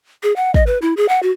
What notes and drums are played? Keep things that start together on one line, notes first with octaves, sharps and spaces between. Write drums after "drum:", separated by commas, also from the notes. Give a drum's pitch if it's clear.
G#4
F#5
D#5, drum: kick
B4
E4
G#4
F#5
F#4